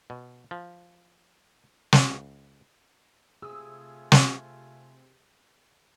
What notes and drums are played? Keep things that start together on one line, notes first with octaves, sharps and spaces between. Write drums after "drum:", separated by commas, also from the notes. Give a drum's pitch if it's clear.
B2
F3
drum: snare
C#2
C3 A3 F4 G#4 G#5 D#6 E6
drum: snare